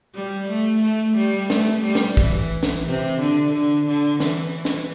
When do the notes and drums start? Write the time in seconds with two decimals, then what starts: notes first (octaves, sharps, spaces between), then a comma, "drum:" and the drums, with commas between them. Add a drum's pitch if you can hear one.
0.15 G3
0.49 A3
0.83 A3
1.17 G3
1.50 A3, drum: snare
1.84 G3
1.95 drum: snare
2.17 E3, drum: kick
2.63 drum: snare
2.85 C3
3.19 D3
3.53 D3
3.87 D3
4.20 E3, drum: snare
4.65 drum: snare